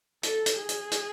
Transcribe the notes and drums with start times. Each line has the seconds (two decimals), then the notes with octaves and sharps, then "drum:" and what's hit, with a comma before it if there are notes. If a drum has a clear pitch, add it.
0.23 A4, drum: hi-hat
0.46 drum: hi-hat
0.57 G#4
0.69 drum: hi-hat
0.91 drum: hi-hat